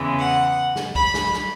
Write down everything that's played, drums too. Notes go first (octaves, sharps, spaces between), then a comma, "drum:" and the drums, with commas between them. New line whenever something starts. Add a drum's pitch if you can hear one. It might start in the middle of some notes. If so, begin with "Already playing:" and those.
Already playing: E2 C#3 E3 G#3
F#5
drum: snare
B5, drum: kick
drum: snare
drum: snare